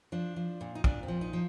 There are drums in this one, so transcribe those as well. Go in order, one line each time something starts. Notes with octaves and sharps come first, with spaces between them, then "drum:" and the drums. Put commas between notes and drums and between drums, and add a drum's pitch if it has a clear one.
F3 D4
F3
A#2
D#4
A#2 D4, drum: kick
C4
F3
D#4
F3